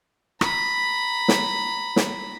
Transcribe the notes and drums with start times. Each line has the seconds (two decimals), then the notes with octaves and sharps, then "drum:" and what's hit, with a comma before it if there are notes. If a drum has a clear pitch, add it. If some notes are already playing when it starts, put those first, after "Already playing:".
0.41 A#5 B5, drum: rim click
1.28 drum: snare
1.96 drum: snare